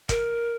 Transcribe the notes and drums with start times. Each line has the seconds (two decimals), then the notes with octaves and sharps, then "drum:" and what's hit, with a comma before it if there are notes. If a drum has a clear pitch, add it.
0.09 A#4, drum: kick, hi-hat